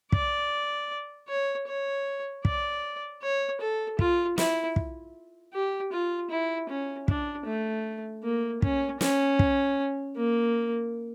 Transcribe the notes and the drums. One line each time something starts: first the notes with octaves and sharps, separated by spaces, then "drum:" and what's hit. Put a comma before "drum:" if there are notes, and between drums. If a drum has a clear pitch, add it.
D5, drum: kick
C#5
C#5
D5, drum: kick
C#5
A4
F4, drum: kick
E4, drum: snare
drum: kick
G4
F4
E4
C#4
D4, drum: kick
A3
A#3
C#4, drum: kick
C#4, drum: snare
drum: kick
A#3